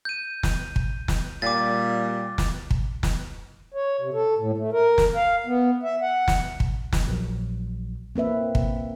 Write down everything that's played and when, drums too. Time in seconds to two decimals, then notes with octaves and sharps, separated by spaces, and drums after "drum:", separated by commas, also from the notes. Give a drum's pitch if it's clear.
0.05 G6 D#7
0.43 drum: snare
0.76 drum: kick
1.08 drum: snare
1.42 A#2 G3 D6 A6
2.38 drum: snare
2.71 drum: kick
3.03 drum: snare
3.74 C#5
4.01 C3
4.14 A4
4.38 A2
4.58 A3
4.73 A#4
4.98 drum: snare
5.16 F5
5.46 B3
5.83 E5
6.02 F#5
6.28 drum: snare
6.60 drum: kick
6.92 drum: snare
7.07 A#1 F#3
8.16 A#3 C4 B4 E5
8.55 drum: kick